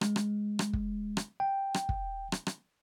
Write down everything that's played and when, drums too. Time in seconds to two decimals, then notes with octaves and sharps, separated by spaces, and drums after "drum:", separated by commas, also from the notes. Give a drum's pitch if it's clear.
0.01 G#3, drum: rim click
0.16 drum: rim click
0.59 drum: rim click
0.73 drum: kick
1.17 drum: rim click
1.40 G5
1.74 drum: rim click
1.89 drum: kick
2.32 drum: rim click
2.47 drum: rim click